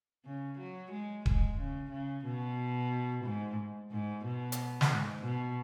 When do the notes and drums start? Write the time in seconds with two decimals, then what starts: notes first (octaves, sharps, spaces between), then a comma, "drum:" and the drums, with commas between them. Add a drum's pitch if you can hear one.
0.25 C#3
0.59 F#3
0.91 G#3
1.26 G#3, drum: kick D#1
1.59 C#3
1.91 C#3
2.25 B2
3.25 G#2
3.91 G#2
4.25 B2
4.52 drum: hi-hat
4.81 drum: snare
4.91 G#2
5.23 B2